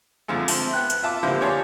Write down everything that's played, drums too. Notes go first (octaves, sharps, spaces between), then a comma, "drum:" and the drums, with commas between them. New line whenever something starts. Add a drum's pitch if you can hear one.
F2 D3 F3 G#3 A3
C4 E5 A5, drum: open hi-hat
B3 G5 F#6
drum: hi-hat
F4 E5 A5 D6
D3 F3 A#3 G4 B4 C5
G4 G#4 C#5 D5 F5 A5